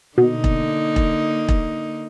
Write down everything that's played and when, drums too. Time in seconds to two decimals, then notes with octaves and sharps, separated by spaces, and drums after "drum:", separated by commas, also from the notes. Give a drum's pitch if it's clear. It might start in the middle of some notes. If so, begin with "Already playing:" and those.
0.18 B2 D3 A#3 D#4
0.44 drum: kick E1
0.96 drum: kick E1
1.49 drum: kick E1